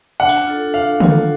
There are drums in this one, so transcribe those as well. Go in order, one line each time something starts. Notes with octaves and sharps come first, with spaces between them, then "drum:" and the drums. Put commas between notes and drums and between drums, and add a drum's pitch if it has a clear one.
D4 F#5
drum: tambourine
F4 A4
D4 F5
F4 A4, drum: tom D3